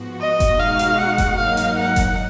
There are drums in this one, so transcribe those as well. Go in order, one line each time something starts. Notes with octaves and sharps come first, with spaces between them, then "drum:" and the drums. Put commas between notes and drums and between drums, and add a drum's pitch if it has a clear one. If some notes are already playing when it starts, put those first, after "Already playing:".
Already playing: G#2 F3 B3 F#4
D#5
drum: kick F#1, hi-hat
B2 G#3 D#4 F#4 F5
drum: hi-hat
F#5
drum: kick F#1, hi-hat
G#2 F#3 A#3 D#4 F5
drum: hi-hat
F#5
drum: kick F#1, hi-hat